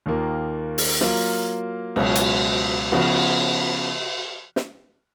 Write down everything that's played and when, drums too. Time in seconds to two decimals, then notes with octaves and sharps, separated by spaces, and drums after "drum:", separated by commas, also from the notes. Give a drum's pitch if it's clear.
0.06 D#2 D#3 A#3 F4
0.78 drum: open hi-hat
1.01 F#3 A#3 F4, drum: snare
1.96 C#2 B2 F#3 C#4 F4, drum: cymbal
2.15 drum: hi-hat
2.92 C#3 F3 B3 F#4, drum: cymbal
4.56 drum: snare